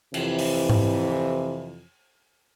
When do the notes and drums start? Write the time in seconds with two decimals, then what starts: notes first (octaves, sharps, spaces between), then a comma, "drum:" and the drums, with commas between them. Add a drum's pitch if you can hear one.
0.14 F2 C3 E3, drum: cymbal
0.39 drum: open hi-hat
0.70 drum: tom G#2